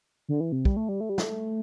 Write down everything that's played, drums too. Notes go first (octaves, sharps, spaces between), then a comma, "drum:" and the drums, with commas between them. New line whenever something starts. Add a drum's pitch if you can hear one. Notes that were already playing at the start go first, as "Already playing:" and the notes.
D3
E3
C3
G3, drum: kick
A3
G3
A3
G3
A3, drum: snare